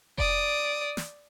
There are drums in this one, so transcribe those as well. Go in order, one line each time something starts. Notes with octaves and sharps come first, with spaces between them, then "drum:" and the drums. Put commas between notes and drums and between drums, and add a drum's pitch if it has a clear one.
D5 D#6, drum: kick F1
drum: snare